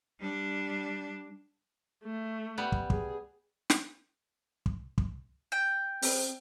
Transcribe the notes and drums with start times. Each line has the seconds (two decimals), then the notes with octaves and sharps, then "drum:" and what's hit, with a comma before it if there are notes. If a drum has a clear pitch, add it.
0.20 G3 D4
2.04 A3
2.58 G3 B3
2.72 drum: kick
2.90 G#4, drum: kick
3.70 drum: snare
4.66 drum: kick
4.98 drum: kick
5.52 G5
6.02 C4, drum: open hi-hat